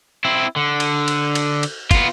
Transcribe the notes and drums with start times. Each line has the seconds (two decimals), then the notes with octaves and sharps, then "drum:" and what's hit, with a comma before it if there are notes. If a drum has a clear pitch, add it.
0.25 C4 E4
0.56 D3
0.80 drum: cymbal
1.08 drum: cymbal
1.35 drum: cymbal
1.63 drum: cymbal
1.91 B3 F4, drum: kick, cymbal